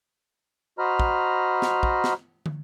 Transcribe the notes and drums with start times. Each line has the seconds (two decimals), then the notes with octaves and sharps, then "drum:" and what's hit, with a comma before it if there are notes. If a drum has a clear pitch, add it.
0.79 F#4 C5 D#5 A#5 B5 F6
1.00 drum: kick
1.62 drum: snare
1.83 drum: kick
2.04 drum: snare
2.46 drum: tom